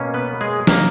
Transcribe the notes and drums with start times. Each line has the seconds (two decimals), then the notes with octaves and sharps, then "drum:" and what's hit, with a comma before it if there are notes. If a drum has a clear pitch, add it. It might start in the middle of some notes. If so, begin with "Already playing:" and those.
Already playing: B2 A#3 C#4
0.14 B3 B4
0.41 G#3 G#4
0.67 A#3 A#4, drum: snare